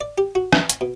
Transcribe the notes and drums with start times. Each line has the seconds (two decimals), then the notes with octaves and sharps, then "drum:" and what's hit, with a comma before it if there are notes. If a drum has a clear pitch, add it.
0.01 D5
0.18 G4
0.35 F#4
0.53 E3, drum: rim click
0.69 G#5, drum: hi-hat
0.81 B2